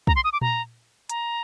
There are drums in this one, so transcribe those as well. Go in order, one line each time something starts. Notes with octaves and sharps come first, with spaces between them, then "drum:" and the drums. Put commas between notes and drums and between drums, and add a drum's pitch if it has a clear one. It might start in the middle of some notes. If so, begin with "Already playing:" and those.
A#5, drum: kick
C6
D#6
D6
A#5, drum: tom A#2
A#5, drum: hi-hat